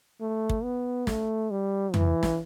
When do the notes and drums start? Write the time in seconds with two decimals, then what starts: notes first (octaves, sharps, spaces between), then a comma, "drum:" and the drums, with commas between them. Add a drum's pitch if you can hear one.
0.21 A3
0.49 drum: kick
0.63 B3
1.07 A3, drum: snare
1.51 G3
1.94 E3, drum: tom
2.23 drum: snare